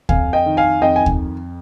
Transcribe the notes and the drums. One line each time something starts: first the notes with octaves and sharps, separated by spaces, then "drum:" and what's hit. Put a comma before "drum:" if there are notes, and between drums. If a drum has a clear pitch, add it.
F2 F5 G#5, drum: kick
D#5 G5
D#3
F5 G#5
F2 D#5 G5
G#5
drum: kick